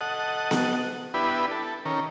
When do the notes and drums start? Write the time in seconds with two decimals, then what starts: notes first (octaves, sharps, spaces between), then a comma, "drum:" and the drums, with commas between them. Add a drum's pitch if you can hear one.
0.01 A4 D#5 F#5
0.51 drum: snare B3
1.14 B3 D4 E4 G4 B4
1.51 A4
1.85 D#3 C#4 A#4